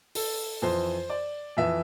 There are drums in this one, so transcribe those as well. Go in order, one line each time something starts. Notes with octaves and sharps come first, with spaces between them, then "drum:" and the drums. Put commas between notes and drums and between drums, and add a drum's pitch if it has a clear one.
A4, drum: open hi-hat
F2 E3 C5
D5
F2 E3 E5